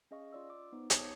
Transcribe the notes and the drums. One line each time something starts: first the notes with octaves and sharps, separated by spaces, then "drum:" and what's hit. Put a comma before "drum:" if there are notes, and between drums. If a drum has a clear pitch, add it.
C#4 G#4 D#5 F5 C#6
F4 D5 E6
D6
B3 D#4 C5
C#5 A5 D6 D#6 G#6 C#7, drum: hi-hat